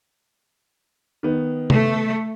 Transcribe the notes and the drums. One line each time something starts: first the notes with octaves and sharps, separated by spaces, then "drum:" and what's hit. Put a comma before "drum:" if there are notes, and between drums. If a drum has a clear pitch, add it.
D#3 B3
A3, drum: tom